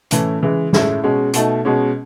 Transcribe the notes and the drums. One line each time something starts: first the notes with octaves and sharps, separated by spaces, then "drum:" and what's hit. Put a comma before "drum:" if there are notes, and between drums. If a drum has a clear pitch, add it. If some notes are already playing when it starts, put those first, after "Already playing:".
A2 E3 A3 C#4 E4, drum: hi-hat
C#3 E3 G#3
A2 G#3 C#4 E4, drum: snare
B2 G#3 C#4
B2 A3 D#4, drum: hi-hat
B2 G#3 C#4